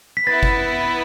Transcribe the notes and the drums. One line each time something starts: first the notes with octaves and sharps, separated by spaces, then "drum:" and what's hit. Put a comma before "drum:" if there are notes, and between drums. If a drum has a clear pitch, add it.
B6
B3 E4 B4 A6
drum: kick F#1